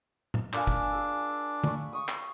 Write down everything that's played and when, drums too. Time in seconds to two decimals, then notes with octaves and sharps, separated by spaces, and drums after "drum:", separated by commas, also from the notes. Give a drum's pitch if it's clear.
0.34 drum: tom A2
0.53 D4 A#4 F5 G#5, drum: clap
0.67 drum: kick F#1
0.91 G#4 E6
1.64 D5 B5 C#6, drum: tom
1.93 C#6 D#6
2.09 drum: clap